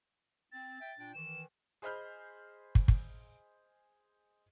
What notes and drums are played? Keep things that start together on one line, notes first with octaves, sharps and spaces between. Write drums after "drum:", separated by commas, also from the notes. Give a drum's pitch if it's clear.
C4 A6
E5 G5
A#2 D4 G5
D#3 E3 E7
G#4 C5 D#5 B5 F6 G6
drum: kick
drum: kick